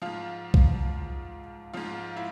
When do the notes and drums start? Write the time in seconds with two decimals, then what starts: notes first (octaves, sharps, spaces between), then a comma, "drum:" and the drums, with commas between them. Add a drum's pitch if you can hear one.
0.02 G#2 F3 F4 F5
0.54 drum: kick B1
1.74 G#2 F3 F4 F5
2.17 E4